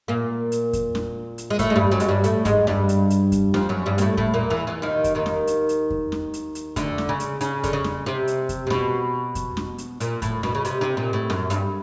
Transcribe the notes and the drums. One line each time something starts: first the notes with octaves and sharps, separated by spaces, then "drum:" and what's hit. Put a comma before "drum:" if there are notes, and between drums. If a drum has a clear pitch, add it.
A#2 A#3
drum: hi-hat
drum: kick F2, hi-hat
drum: snare
drum: hi-hat
G#3
A2 A3, drum: kick F2, hi-hat
G#3
G2 G3
F#2 F#3
G#3, drum: hi-hat
G2 G3
A2 A3, drum: hi-hat
G#2 G#3, drum: kick F2, hi-hat
G2 G3, drum: snare
drum: hi-hat
drum: hi-hat
drum: kick F2, hi-hat
F2 F3, drum: snare
F#2 F#3
G2 G3
A#3, drum: hi-hat
A2 A3
A2 A3, drum: kick F2
A#2 A#3
E2 E3
E2 E3
D#2 D#3
drum: kick F2, hi-hat
D#2 D#3
drum: snare
drum: hi-hat
drum: hi-hat
drum: kick F2
drum: snare
drum: hi-hat
drum: hi-hat
D2 D3, drum: kick F2, hi-hat
drum: snare
C#3
drum: hi-hat
C#3, drum: hi-hat
D3, drum: kick F2, hi-hat
C#3
drum: snare
C3
drum: hi-hat
drum: kick F2, hi-hat
C3
B2, drum: snare
drum: kick F2, hi-hat
drum: snare
drum: hi-hat
A#2, drum: hi-hat
A2, drum: kick F2, hi-hat
B2, drum: snare
C#3
C3, drum: hi-hat
C3
A#2
A2
F#2, drum: snare
G2, drum: hi-hat